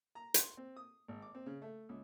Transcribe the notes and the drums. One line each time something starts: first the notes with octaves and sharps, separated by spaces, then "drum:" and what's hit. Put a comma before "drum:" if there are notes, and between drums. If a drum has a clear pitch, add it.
A#5
C6, drum: hi-hat
C4
D#6
G#1
D6
C4
C#3
A3
C#2